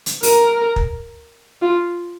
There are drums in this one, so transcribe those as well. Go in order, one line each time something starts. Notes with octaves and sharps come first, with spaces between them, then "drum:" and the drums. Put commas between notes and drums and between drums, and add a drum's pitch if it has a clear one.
drum: hi-hat
A#4, drum: open hi-hat
drum: kick
F4